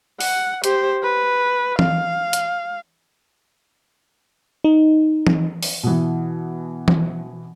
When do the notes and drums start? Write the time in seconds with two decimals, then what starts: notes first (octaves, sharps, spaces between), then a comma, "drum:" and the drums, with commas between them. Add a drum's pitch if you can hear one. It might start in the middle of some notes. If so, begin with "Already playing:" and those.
0.20 F#5, drum: open hi-hat
0.64 G4 C5, drum: hi-hat
1.03 B4
1.79 F5, drum: tom E3
2.33 drum: hi-hat
4.64 D#4
5.27 drum: tom E3
5.63 drum: open hi-hat
5.83 B2 E3
6.88 drum: tom E3